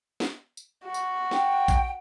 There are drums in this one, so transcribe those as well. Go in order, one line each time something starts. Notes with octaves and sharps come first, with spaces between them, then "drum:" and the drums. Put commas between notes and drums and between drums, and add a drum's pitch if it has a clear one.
drum: snare
drum: tambourine
F#4
drum: tambourine
G5, drum: snare
drum: kick A#1, tambourine